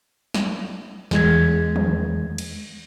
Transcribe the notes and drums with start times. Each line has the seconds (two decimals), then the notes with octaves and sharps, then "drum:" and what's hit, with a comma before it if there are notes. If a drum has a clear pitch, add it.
0.34 drum: snare
1.11 E2 G#3 G#6, drum: snare
1.76 drum: tom D#3
2.38 drum: cymbal